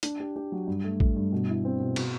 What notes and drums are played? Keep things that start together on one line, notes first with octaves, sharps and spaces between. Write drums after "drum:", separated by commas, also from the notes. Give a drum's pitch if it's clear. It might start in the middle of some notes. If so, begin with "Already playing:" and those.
D4, drum: hi-hat
G4
G4
F#3
G2
A3
A3, drum: kick A1
G2
B2
E4
C4
B2
B2, drum: cymbal